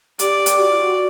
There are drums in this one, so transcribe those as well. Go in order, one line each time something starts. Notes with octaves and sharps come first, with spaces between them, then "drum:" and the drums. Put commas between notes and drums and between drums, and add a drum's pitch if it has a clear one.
G4 D5, drum: hi-hat
drum: hi-hat
F#4 D5
F4
F#4